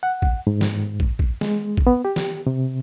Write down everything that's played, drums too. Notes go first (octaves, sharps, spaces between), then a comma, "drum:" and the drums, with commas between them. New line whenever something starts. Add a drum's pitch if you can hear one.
F#5
drum: kick
G#2
drum: snare
drum: kick
drum: kick
G#3, drum: snare
drum: kick
B3
G4
drum: snare
C3